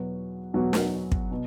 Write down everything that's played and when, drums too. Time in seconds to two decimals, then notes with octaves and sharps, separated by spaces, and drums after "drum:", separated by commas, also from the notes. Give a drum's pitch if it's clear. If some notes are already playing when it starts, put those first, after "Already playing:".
Already playing: E2 B2 F#3 B3 F#4
0.53 E2 B2 F#3 B3 F#4
0.73 drum: snare
1.12 drum: kick
1.31 B2